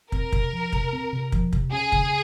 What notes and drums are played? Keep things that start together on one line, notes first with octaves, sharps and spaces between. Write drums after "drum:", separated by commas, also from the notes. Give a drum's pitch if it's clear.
C4 A#4, drum: kick
C3, drum: kick
F3
C3, drum: kick
C4
C3
F3, drum: kick
C3, drum: kick
C#4 G#4
C#3, drum: kick